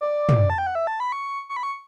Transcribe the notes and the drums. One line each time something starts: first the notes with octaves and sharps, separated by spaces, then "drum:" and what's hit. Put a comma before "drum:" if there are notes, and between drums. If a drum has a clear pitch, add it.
D5
drum: tom
A5
G5
F#5
E5
A5
B5
C#6
C#6
B5
C#6